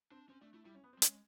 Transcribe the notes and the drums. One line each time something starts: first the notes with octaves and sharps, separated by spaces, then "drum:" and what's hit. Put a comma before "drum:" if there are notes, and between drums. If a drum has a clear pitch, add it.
C4 D4
C4 C#4
A3 D4
A3 E4
G3 E4
C#4
B3
C4
G3
G#3 C#4, drum: hi-hat